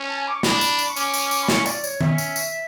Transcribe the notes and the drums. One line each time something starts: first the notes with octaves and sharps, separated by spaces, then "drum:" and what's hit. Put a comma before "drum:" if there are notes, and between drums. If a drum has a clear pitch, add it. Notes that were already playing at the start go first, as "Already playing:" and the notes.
Already playing: C#4
A5
G#5
D6
C#6
D4 B5, drum: snare
drum: tambourine
drum: tambourine
C#6
C#4 D6, drum: tambourine
drum: tambourine
drum: tambourine
B5
C#6, drum: snare
D5, drum: tambourine
C#5, drum: tambourine
C#4 E5, drum: tom D#3
drum: tambourine
drum: tambourine